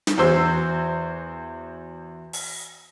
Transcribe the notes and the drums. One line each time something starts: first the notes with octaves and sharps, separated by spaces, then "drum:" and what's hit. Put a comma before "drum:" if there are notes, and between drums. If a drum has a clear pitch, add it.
drum: snare
E2 F#4 C5 E6
drum: open hi-hat